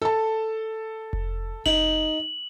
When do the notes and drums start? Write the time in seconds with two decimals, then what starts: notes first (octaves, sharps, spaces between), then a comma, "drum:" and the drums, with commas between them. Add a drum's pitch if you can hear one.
0.02 A4 A5
1.13 drum: kick F1
1.66 D#4 F#7, drum: kick F1